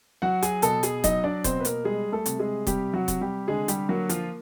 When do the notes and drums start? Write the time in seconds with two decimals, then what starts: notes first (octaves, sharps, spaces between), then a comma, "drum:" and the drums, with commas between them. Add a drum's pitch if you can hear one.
0.22 F#3 F#4 F#5
0.42 G#4 G#5, drum: hi-hat
0.62 B2 A4 A5, drum: hi-hat
0.83 G#4 G#5, drum: hi-hat
1.04 F#3 D#4 D#5, drum: kick D#1, hi-hat
1.24 D4 D5
1.44 B2 C4 C5, drum: kick D#1, hi-hat
1.60 B4
1.65 A#3 A#4, drum: hi-hat
1.85 G3 G#3 G#4
2.12 A3 A4
2.26 C3, drum: hi-hat
2.39 G#3 G#4
2.67 C3 G3 G4, drum: kick D#1, hi-hat
2.93 F#3 F#4
3.08 C3, drum: kick D#1, hi-hat
3.21 G3 G4
3.48 D3 G#3 G#4
3.68 G3 G4, drum: hi-hat
3.89 F#3 A#3 F#4
4.09 F3 F4, drum: hi-hat